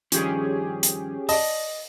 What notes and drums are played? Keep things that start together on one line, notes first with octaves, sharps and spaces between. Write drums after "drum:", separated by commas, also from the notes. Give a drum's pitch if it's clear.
G2 D#3 F3 C#4 G4 G#4, drum: hi-hat
drum: hi-hat
D5 D#5 A5, drum: open hi-hat